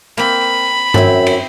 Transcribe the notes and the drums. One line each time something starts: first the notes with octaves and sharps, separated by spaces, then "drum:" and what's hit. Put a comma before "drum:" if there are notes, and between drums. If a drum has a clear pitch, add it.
A#3 C4 B5
F#2 C4 E4, drum: tom G2
drum: cymbal